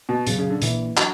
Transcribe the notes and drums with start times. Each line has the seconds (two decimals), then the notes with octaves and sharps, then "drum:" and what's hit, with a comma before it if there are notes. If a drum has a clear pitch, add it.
0.09 B2
0.27 A#2 C#3 F#3 C#4, drum: hi-hat
0.39 C#3
0.50 D3
0.62 A#2 E3 A#3 D4, drum: hi-hat
0.97 F#3 D4, drum: clap